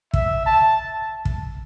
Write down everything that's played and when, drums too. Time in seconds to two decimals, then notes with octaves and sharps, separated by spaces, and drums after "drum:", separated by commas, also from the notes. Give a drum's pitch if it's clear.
0.14 E5, drum: kick
0.46 A5
1.25 drum: kick